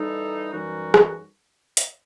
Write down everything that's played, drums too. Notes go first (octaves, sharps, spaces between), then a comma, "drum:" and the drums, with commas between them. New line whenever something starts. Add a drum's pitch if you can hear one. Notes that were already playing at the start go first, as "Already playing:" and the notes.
Already playing: E3 G3 D#4 A4
F#2 E3 G3 D#4 F#4
drum: rim click
drum: hi-hat